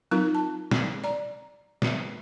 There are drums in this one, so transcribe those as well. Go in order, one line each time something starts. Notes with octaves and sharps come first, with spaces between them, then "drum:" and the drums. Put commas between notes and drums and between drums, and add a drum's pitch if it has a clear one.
F#3 C4 D#4 F4 A#4
A5
drum: snare
D5 A#5
drum: snare